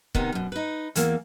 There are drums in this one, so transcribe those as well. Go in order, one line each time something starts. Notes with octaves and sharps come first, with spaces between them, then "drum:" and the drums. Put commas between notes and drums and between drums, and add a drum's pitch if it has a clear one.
C3 D#3 B3 D#4, drum: kick
F#2 B2
D#4 B4
E2 E3 A#3, drum: hi-hat